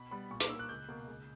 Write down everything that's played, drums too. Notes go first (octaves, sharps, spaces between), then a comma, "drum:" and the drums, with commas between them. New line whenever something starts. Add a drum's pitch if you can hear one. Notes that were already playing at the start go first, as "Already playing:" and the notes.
Already playing: B2 B5
G3 B3 B5
A#2 C#6
D6, drum: hi-hat
A#3 E6
F#6
C#2 G6
B2 A#3
C#2